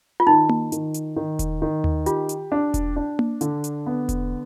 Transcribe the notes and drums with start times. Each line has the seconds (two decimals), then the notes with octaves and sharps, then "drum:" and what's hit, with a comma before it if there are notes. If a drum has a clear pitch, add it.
0.20 F4
0.27 D#3 D#4
0.49 drum: tom A#3
0.72 D#3, drum: hi-hat
0.94 drum: hi-hat
1.16 D#3
1.39 drum: kick E1, hi-hat
1.62 D#3
1.84 drum: tom D#2
2.06 F4 G4, drum: hi-hat
2.29 drum: hi-hat
2.52 D4
2.74 drum: kick E1, hi-hat
2.96 D4
3.19 drum: tom A#3
3.41 D3, drum: hi-hat
3.64 drum: hi-hat
3.86 B3
4.09 drum: kick E1, hi-hat